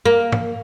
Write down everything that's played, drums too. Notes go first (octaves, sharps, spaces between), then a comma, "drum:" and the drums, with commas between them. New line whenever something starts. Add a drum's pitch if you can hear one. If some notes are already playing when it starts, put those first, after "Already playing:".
A#3
drum: tom